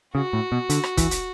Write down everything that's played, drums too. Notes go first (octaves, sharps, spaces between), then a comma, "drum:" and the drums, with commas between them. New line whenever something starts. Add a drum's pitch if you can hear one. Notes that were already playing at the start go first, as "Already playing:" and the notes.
C#3 F#4
A2
B2
D3, drum: hi-hat
drum: rim click
E3, drum: kick, hi-hat
drum: hi-hat